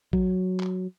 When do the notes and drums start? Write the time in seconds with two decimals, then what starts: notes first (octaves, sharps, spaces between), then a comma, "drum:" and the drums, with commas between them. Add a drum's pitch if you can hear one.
0.13 F#3, drum: kick A1
0.60 drum: clap